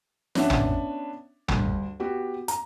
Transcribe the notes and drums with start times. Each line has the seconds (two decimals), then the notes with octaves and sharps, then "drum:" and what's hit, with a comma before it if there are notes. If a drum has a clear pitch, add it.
0.35 B3 C#4 D4 E5 F#5, drum: snare
0.50 drum: tom
1.48 D2 G2, drum: tom
2.00 B3 F#4 G4
2.48 A#5, drum: hi-hat